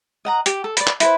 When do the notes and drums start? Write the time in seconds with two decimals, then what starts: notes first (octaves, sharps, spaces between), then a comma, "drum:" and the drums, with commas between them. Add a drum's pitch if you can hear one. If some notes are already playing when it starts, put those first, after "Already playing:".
0.25 D#5 F#5 A#5
0.46 G4, drum: hi-hat
0.64 A4
0.77 B4 D5, drum: hi-hat
0.87 drum: clap
1.00 E4 B4 C5, drum: hi-hat